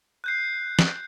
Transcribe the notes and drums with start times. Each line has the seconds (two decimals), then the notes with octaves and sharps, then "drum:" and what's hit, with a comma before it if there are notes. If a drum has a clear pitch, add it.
0.24 F#6 G6 C7
0.79 drum: snare